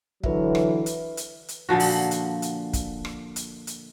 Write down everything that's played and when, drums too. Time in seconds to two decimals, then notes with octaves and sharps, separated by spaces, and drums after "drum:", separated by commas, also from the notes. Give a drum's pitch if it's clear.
0.24 D3 E3 F#3 B4 E5, drum: kick
0.55 drum: rim click
0.86 drum: hi-hat
1.17 drum: hi-hat
1.48 drum: hi-hat
1.69 A#2 D3 F3 F#4
1.80 drum: open hi-hat
2.11 drum: hi-hat
2.42 drum: hi-hat
2.73 drum: kick, hi-hat
3.05 drum: rim click
3.36 drum: hi-hat
3.67 drum: hi-hat